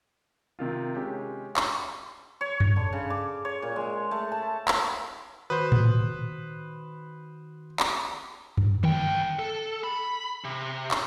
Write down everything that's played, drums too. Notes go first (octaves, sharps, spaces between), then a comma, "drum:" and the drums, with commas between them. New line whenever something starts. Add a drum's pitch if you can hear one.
C3 D#3 F4
G#3 C#4 G4
drum: clap
C#5
drum: tom F#2
D3
C#3
D6
C#5
A#2
G#3
A3
A5
drum: clap
D#3 F#4 B4 C5 D#6
drum: tom A2
drum: clap
drum: tom F#2
C2 G5, drum: tom D3
A4
B5
C3
drum: clap